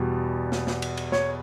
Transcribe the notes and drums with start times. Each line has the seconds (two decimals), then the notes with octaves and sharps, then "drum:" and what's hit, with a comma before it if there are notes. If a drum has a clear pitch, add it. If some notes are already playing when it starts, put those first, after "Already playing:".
Already playing: E2 B2 G3
0.52 drum: snare
0.67 drum: snare
0.82 drum: cymbal
0.97 drum: cymbal
1.12 C#5, drum: snare